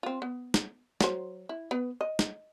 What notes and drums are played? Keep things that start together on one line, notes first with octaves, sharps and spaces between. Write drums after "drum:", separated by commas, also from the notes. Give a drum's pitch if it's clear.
C4 F4
B3
drum: snare
F#3 C5, drum: snare
E4
B3 B4
D#5
drum: snare